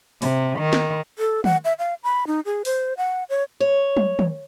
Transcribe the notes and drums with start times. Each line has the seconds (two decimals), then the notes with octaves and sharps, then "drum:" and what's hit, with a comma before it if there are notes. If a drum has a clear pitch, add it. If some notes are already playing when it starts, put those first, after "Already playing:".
0.22 C3, drum: open hi-hat
0.59 D#3
0.73 drum: snare
1.19 A4
1.44 F#5, drum: tom
1.65 E5
1.79 F5
2.04 B5
2.27 D#4
2.45 G#4
2.65 C5, drum: open hi-hat
2.97 F#5
3.29 C#5
3.60 C#5
3.97 drum: tom
4.19 drum: tom